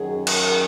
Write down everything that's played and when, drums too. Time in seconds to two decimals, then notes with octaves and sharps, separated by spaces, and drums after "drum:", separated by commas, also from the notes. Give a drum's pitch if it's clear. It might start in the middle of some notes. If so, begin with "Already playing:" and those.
Already playing: F#2 D#3 F#3 G#4
0.27 A#4, drum: cymbal